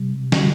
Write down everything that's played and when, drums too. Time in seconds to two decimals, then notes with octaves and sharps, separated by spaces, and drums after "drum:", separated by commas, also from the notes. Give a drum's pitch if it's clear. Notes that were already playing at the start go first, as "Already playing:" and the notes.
Already playing: C3 G3
0.32 D3 G3, drum: snare